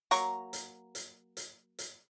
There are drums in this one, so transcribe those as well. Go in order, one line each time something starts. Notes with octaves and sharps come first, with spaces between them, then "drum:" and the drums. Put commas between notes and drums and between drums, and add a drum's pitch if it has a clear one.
F#3 A#3 A#5 C#6, drum: hi-hat
drum: hi-hat
drum: hi-hat
drum: hi-hat
drum: hi-hat